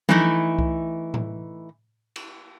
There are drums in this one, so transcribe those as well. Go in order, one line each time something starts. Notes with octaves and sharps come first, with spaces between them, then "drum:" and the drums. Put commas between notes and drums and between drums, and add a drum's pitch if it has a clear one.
E3 A3 D#4 E4, drum: tom F3
drum: kick C2
drum: tom A2
drum: cymbal